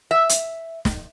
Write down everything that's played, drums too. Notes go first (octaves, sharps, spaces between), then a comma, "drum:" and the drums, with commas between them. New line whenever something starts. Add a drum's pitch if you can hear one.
E5
drum: hi-hat
drum: snare